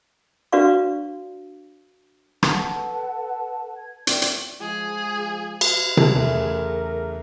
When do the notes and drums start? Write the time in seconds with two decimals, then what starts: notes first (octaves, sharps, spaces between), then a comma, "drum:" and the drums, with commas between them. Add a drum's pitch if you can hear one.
0.53 D4 F#4 B4 D5 F5 C#6
2.43 A4 B4 F#5 A5, drum: rim click
3.75 G#6
4.07 D5 G5, drum: hi-hat
4.22 drum: hi-hat
4.61 F3 G#3 G#4
5.61 drum: cymbal
5.97 drum: tom C3
6.15 E2 C#3 A3 A#4